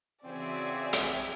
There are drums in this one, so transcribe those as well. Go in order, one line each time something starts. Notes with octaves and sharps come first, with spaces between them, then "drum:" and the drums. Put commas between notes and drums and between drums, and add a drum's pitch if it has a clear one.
C#3 E3 C4 F#4 G#4 D5 E5
drum: hi-hat